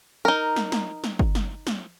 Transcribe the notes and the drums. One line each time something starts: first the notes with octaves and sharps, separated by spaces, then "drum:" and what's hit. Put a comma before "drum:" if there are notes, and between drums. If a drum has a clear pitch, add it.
D#4 A#4
drum: snare
drum: snare
drum: snare
drum: kick G1
drum: snare
drum: snare